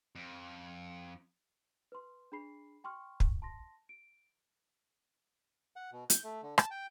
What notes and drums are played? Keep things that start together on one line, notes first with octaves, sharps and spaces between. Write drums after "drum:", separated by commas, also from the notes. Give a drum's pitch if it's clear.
F2
B4 C6
D4 G#4 B5 C7
G5 C6 C#6 F6
drum: kick
A5 C6 A#6
D7
F#5
B2
G6, drum: hi-hat
A3
D3
A5, drum: rim click
G5